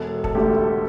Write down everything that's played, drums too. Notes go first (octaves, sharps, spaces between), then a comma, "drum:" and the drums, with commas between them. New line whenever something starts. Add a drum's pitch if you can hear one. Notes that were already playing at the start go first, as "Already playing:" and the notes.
Already playing: E1 A4
A4, drum: kick
D2 D3 A3 G4